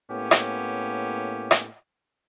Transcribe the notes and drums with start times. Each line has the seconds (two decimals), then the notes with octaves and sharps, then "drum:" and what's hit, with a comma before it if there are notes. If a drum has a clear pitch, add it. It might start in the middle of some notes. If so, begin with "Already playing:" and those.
0.11 A2 A#3 B3 C#4 G4
0.31 drum: rim click
1.51 drum: rim click